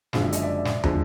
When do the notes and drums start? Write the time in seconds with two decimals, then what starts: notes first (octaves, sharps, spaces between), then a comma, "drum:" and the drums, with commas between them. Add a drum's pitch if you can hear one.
0.13 F#1 F#2 D3 F3 G#3 F5, drum: snare
0.23 E5
0.32 D#5, drum: hi-hat
0.42 D5 E5
0.65 drum: snare
0.84 D3 F3 G#3, drum: tom